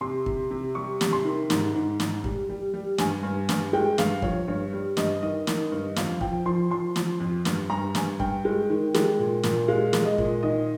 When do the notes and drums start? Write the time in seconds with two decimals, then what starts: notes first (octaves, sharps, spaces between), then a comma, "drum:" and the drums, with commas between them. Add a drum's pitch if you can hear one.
0.01 C3 C6
0.26 C3, drum: kick
0.51 C3
0.75 G3 C#6
1.01 C3, drum: snare
1.13 C6
1.25 D#3
1.50 G#2, drum: snare
1.74 G#2
2.00 G#2, drum: snare
2.24 G3, drum: kick
2.49 G3
2.74 G3
2.98 G2 G#5, drum: snare
3.23 G2
3.49 G2, drum: snare
3.73 G#3 G5
3.98 G2 F5, drum: snare
4.22 F3 C#5, drum: kick
4.48 G2 C#5
4.73 G3
4.97 G2 D#5, drum: snare
5.23 D#3 D#5
5.47 D#3, drum: snare
5.72 G2
5.96 F2 F5, drum: snare
6.21 F3 G5, drum: kick
6.45 F3 C6
6.70 F3 C6
6.96 F3, drum: snare
7.20 F2
7.45 G2, drum: snare
7.70 G2 A#5
7.95 G2 G#5, drum: snare
8.20 G2 G5, drum: kick
8.45 G#3
8.70 D#3
8.94 G#3, drum: snare
9.19 A#2
9.43 A#2, drum: snare
9.68 G#3 F5
9.93 G#3, drum: snare
10.05 D#5
10.18 A#2, drum: kick
10.43 D#3 D#5